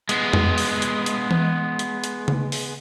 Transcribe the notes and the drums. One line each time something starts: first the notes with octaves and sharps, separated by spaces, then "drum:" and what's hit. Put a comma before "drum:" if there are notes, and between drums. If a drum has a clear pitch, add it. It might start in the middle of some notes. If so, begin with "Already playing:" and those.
G#3 B3, drum: hi-hat
drum: tom F2
drum: open hi-hat
drum: hi-hat
drum: hi-hat
drum: tom E3
drum: hi-hat
drum: hi-hat
drum: tom C#3
drum: open hi-hat